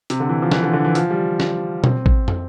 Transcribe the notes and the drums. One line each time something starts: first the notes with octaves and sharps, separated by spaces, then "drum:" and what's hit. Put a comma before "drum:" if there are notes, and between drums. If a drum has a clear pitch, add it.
C3, drum: hi-hat
D3
E3
F3
E3, drum: snare
D3
D3
E3
F3, drum: hi-hat
G3
drum: snare
C4, drum: tom B2
drum: kick A1
drum: tom